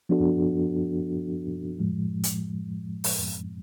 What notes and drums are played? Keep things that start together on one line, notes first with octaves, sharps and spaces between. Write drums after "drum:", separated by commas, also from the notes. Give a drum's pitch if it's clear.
F3 B3 D4 F#4 A4
A2 F3 G#3
drum: hi-hat
drum: open hi-hat